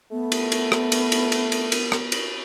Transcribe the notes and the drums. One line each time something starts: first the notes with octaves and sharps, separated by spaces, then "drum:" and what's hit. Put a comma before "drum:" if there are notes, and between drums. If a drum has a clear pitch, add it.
A3 B3
drum: cymbal
drum: cymbal
drum: rim click
drum: cymbal
drum: cymbal
drum: cymbal
drum: cymbal
drum: cymbal
drum: rim click
drum: cymbal